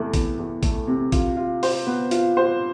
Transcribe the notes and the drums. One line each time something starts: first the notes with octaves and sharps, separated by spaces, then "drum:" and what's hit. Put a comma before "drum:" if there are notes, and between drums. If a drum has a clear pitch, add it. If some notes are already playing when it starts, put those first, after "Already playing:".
Already playing: E2 C3 A3
E2, drum: kick A1, hi-hat
E2
A3, drum: kick A1, hi-hat
C3
F4, drum: kick A1, hi-hat
F4
C5, drum: open hi-hat
B3
F4, drum: hi-hat
C5